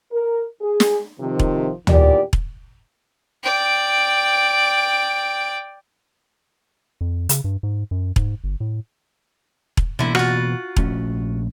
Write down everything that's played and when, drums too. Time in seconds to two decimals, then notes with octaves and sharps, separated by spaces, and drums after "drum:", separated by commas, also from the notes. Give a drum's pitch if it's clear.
0.12 A#4
0.61 G#4
0.80 drum: snare
1.19 C3 D#3 F3
1.39 drum: kick E1
1.87 E2 A#2 D#3 G4 D5, drum: tom
2.33 drum: kick E1
3.43 D5 G5
7.01 F2
7.29 C#3, drum: hi-hat
7.44 G2
7.63 G#2
7.91 F#2
8.16 G#2, drum: kick E1
8.44 G1
8.60 A2
9.77 drum: kick E1
9.99 B2 D3 E3 A#3 E4
10.15 F4 F#4, drum: rim click
10.76 A#1 A3 C#4, drum: kick E1